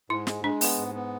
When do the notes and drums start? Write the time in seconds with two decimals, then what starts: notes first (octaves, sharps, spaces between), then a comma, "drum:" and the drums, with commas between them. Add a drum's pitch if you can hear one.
0.10 G#2 E4
0.27 G#3, drum: snare
0.44 G#3 D4
0.61 B3, drum: open hi-hat
0.78 G#2
0.95 B3